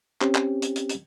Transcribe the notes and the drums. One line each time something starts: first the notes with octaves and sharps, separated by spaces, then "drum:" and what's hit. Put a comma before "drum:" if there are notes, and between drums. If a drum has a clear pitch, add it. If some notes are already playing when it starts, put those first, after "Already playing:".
C4 C#4 G4, drum: clap
drum: clap
drum: hi-hat
drum: hi-hat
drum: hi-hat